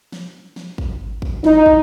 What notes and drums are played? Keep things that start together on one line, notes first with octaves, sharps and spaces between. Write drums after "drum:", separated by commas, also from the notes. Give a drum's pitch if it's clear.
drum: snare
drum: snare
drum: kick
drum: kick
D#4, drum: snare
drum: kick